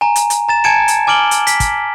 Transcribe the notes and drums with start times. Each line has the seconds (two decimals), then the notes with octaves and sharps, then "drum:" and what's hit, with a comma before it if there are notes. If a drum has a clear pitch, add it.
0.01 G#5 A#5
0.16 drum: hi-hat
0.30 drum: hi-hat
0.48 A#5 A6 E7
0.64 G#5 A5 G#6 C#7 D7 E7
0.88 drum: hi-hat
1.07 G#5 D6 F6 D7 F#7 G7
1.31 drum: hi-hat
1.47 B6, drum: hi-hat
1.60 drum: kick, hi-hat